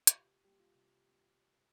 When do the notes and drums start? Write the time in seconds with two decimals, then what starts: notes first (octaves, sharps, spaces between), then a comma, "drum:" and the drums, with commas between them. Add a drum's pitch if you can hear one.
0.07 F4, drum: hi-hat
0.15 C3 G4
0.30 F4
0.44 G3 A#3 G4
0.60 F4
0.75 C3